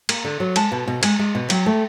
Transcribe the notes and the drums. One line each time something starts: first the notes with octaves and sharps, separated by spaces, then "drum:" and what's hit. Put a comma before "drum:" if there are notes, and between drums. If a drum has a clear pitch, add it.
A#3, drum: cymbal
D3
F#3
G#3 A5, drum: cymbal
B2
B2
G#3 G#5, drum: cymbal
G#3
B2
F#3 G5, drum: cymbal
A3